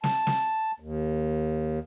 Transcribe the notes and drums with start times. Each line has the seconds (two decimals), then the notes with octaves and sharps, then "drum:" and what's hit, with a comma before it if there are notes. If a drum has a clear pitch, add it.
0.04 A5, drum: snare
0.27 drum: snare
0.80 D#2